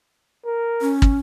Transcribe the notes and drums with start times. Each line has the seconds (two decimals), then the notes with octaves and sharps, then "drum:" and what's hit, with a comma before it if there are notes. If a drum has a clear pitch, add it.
0.45 A#4
0.81 C#4
1.02 drum: kick